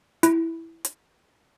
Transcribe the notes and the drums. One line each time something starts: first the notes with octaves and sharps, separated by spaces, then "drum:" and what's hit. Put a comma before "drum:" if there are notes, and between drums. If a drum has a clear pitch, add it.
E4, drum: hi-hat
drum: hi-hat